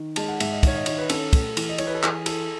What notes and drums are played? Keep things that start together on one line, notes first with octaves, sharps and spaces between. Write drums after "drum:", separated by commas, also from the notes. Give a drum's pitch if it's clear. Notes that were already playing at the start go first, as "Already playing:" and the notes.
Already playing: D#3
G#3 A5, drum: cymbal
F#5
G#2 E5, drum: cymbal
D#5
D#3 C#5, drum: kick, cymbal
D#5
D#3 C#5, drum: cymbal
B4
C#4 A4, drum: cymbal
A3, drum: kick, cymbal
E3, drum: cymbal
D#5
E3 C#5, drum: cymbal
B4
A4
E3 G#4, drum: clap
E4 A4, drum: cymbal